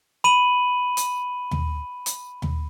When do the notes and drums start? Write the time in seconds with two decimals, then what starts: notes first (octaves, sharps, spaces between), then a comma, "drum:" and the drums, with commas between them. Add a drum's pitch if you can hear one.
0.24 B5 D#7 F#7
0.97 drum: hi-hat
1.51 drum: tom D#2
2.06 drum: hi-hat
2.42 drum: tom D#2